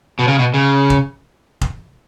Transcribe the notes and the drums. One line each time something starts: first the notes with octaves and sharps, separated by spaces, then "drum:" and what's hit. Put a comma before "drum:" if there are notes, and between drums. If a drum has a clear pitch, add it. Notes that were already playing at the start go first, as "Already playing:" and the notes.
B2
C#3
B2
C#3
drum: kick F1
drum: kick F1